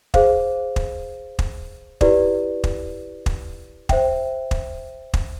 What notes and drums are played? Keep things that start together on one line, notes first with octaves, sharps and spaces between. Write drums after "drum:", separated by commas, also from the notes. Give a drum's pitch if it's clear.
G#4 C5 F5, drum: kick
drum: kick
drum: kick
E4 G4 B4 D5, drum: kick
drum: kick
drum: kick
C5 E5 G5, drum: kick
drum: kick
drum: kick